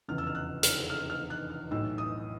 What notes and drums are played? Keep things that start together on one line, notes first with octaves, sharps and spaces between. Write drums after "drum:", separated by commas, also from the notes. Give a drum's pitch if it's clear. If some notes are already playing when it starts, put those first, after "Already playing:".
F1 E2 C#3 F6
E6
F6
F#6
F6, drum: hi-hat
F6
F6
F#6
F6
B1 A2 E3 E6
D#6